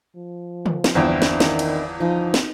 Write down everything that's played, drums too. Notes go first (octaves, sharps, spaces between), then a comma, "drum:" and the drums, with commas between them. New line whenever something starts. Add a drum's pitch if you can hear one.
F3
drum: tom
drum: snare
G1 E2 C4 D4 E4
drum: snare
D#3, drum: snare
drum: cymbal
F3 D#4
drum: snare